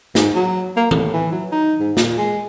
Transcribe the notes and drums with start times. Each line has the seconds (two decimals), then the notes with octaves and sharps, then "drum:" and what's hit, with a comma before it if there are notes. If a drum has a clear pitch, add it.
0.15 G#2, drum: snare
0.35 F#3
0.76 A#3
0.91 A2, drum: tom D#3
1.14 E3
1.32 F#3
1.52 D#4
1.80 G#2
1.97 A#2, drum: snare
2.18 G#3